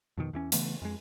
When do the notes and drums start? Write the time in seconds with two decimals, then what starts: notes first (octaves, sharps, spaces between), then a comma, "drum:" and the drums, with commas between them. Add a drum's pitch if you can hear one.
0.18 F2 B2 D#3
0.33 E2 E3 C#4
0.52 C#3 E3 A3 B3, drum: hi-hat
0.82 F2 G#3